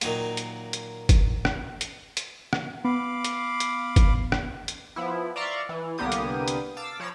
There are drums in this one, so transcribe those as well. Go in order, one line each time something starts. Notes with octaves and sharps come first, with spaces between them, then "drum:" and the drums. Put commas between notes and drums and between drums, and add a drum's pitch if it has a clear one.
A#2 D#3 F#3 A#3, drum: hi-hat
drum: hi-hat
drum: hi-hat
drum: kick G1, hi-hat
drum: rim click
drum: hi-hat
drum: hi-hat
drum: rim click
B3 F5 B5 D6
drum: hi-hat
drum: hi-hat
drum: kick G1, hi-hat
drum: rim click
drum: hi-hat
F3 B3 E4
D5 E5 F5 A#5 C6 C#6
E3
C2 D3 A#3 B3 G4 D#6
drum: hi-hat
drum: hi-hat
F5 A5 D6 E6
F3 C#5 G5 A#5 B5 E6